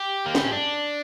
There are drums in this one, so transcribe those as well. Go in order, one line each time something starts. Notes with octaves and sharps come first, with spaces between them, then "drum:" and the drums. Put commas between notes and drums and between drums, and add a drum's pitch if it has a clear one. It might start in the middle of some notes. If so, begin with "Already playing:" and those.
Already playing: G4
A#3
B3, drum: snare
C#4
D4